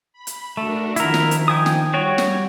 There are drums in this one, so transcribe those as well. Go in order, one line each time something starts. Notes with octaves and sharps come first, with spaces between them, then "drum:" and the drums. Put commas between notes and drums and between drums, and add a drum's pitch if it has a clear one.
B5
drum: hi-hat
A3 D4 F#4 A#4
D#3 F3 E4 A#4, drum: hi-hat
drum: snare
drum: hi-hat
G5 G#5 D#6
drum: snare
G3 F#4 C#5 G5
drum: snare